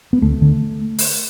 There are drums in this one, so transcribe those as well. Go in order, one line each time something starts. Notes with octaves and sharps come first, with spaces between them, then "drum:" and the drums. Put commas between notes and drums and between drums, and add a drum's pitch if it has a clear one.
B3
D2 A3
D3
drum: open hi-hat